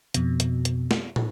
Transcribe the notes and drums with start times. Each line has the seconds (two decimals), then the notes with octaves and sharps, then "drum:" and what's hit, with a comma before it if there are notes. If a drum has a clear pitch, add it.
0.14 F2 B2, drum: hi-hat
0.40 drum: hi-hat
0.65 drum: hi-hat
0.91 drum: snare
1.16 drum: tom